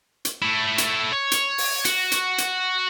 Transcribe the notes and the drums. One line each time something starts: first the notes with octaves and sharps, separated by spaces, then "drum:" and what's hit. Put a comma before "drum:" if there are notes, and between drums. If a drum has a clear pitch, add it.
drum: hi-hat
A3 E4
drum: hi-hat
C#5
drum: hi-hat
drum: open hi-hat
F#4, drum: hi-hat
drum: hi-hat
drum: hi-hat